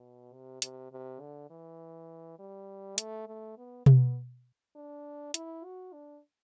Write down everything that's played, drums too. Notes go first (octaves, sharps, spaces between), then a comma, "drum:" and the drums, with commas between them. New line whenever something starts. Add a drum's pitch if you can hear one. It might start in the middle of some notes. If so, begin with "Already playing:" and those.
Already playing: B2
C3
C3, drum: hi-hat
C3
D3
E3
G3
A3, drum: hi-hat
A3
B3
B3, drum: tom B2
D4
E4, drum: hi-hat
F#4
D4